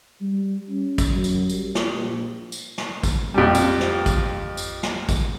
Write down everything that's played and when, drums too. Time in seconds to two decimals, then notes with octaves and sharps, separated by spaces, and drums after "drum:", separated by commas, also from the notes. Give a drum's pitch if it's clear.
0.21 G3
0.69 C#4
0.98 drum: kick, tambourine
1.11 F#2
1.24 drum: tambourine
1.50 G3, drum: tambourine
1.75 drum: snare
1.94 A#1
2.52 drum: tambourine
2.78 drum: snare
3.03 drum: kick, tambourine
3.34 F2 G3
3.55 drum: tambourine
3.80 drum: snare
4.06 drum: kick, tambourine
4.57 drum: tambourine
4.83 drum: snare
5.09 drum: kick, tambourine